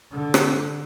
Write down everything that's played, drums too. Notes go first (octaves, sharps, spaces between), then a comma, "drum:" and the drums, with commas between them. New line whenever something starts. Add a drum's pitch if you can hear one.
D3
drum: rim click